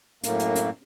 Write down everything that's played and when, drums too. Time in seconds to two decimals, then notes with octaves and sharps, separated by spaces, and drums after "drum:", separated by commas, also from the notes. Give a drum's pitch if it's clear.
0.24 F#2 A2 A#3, drum: hi-hat
0.40 drum: hi-hat
0.56 drum: hi-hat